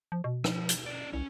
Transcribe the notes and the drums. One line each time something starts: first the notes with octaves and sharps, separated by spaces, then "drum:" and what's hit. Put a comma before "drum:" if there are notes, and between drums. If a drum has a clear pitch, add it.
F3
B2
F3, drum: rim click
drum: hi-hat
C#4 D5
C2 C#4